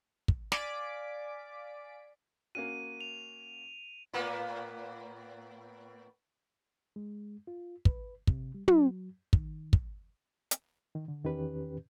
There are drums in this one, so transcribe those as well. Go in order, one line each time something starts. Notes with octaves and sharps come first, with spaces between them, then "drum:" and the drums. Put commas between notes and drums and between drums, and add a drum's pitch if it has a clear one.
drum: kick
D5 F5 G#5 D6 B6 D7, drum: snare
A#3 C#4 F#4 D#7
F7
A2 A#3 B3
G#3
F4
B4, drum: kick
C3, drum: kick
G3
F#3, drum: tom
D#3, drum: kick
drum: kick
drum: hi-hat
D#3
D3
E2 D#3 C#4 G4 B4